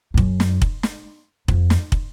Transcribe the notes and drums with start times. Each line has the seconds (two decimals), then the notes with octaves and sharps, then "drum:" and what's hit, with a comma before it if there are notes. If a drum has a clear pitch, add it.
0.14 F2
0.18 F#2, drum: kick
0.40 drum: snare
0.62 drum: kick
0.83 drum: snare
1.48 F2, drum: kick
1.70 drum: snare
1.92 drum: kick